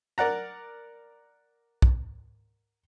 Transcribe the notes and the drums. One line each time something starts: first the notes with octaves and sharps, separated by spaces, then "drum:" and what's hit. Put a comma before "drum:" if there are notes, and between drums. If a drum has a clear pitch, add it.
A#4 D5 F#5 A#5
drum: kick